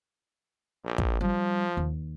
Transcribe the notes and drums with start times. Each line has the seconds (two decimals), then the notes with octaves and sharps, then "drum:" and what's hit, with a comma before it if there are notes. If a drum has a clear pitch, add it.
0.84 A#1
0.98 drum: kick
1.21 F3 G3
1.77 D#2